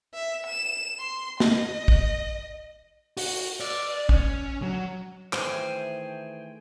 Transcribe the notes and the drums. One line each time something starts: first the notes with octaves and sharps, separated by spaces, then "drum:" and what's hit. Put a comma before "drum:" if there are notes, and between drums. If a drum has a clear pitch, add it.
E5
E7
C6
D#5, drum: snare
drum: kick
F#4, drum: open hi-hat
D5, drum: cymbal
C#4, drum: kick
F#3
D#3 E3 A3 G#4 C5 G5, drum: clap